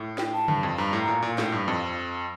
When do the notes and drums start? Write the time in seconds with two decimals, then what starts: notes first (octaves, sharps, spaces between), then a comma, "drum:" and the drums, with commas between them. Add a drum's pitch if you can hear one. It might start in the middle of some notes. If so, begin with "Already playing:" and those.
Already playing: A2
0.18 G5, drum: snare
0.33 A5
0.48 G2, drum: tom C#3
0.63 F2
0.77 G2 A#5
0.93 A2
1.08 A#2
1.22 A#2
1.38 A2, drum: snare
1.52 G2
1.68 F2